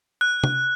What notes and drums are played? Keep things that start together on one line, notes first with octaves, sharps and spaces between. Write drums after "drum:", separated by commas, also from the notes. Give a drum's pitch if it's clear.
F#6
drum: tom C3